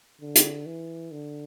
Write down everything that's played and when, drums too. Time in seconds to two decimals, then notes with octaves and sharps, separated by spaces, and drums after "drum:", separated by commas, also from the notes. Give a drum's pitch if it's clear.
0.21 D3
0.35 drum: hi-hat
0.66 E3
1.12 D3